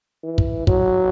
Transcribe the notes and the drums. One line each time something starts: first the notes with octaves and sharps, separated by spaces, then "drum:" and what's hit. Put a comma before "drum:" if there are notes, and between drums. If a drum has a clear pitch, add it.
E3
drum: kick
F#3, drum: kick